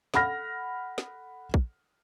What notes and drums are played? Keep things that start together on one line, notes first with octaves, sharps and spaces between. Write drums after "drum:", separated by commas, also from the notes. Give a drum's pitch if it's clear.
A4 F#5 B5 F6 A#6, drum: snare
drum: snare
drum: kick